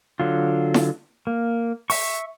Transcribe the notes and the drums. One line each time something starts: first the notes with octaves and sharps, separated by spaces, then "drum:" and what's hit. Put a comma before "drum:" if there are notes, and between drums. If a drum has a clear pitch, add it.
D3 F#3 F4
drum: snare E4
A#3
E5 C#6, drum: open hi-hat